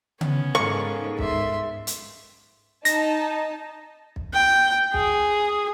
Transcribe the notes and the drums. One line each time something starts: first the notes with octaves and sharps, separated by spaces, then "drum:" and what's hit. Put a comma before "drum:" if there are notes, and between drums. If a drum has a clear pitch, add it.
B3 C#4, drum: tom C#3
G#2 A4 A#4 F5 C#6
E5 C6, drum: kick
drum: hi-hat
D#4 A5 A#6, drum: hi-hat
drum: kick
G5
G#4, drum: kick